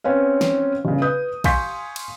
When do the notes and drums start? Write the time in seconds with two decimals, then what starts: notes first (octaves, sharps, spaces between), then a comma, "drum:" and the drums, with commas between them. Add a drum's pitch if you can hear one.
0.04 C4 C#4 B4 F5
0.41 drum: snare
0.85 G1 C#3
1.02 B4 D#6 G6
1.44 F5 G#5 C6 C#6 G6 B6, drum: kick, cymbal
1.96 drum: cymbal